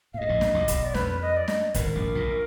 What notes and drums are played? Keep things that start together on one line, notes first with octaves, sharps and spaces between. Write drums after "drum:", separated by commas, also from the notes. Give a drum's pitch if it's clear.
A#2 F5
G#2 D#5
A#1 A#2
drum: snare
B1 B2
drum: kick, hi-hat
D5
F2 B4, drum: snare
D#5
D5
D#5, drum: snare
G#1 G#2 A#4 B4, drum: kick, hi-hat
A#1 A#2
A#1 A#2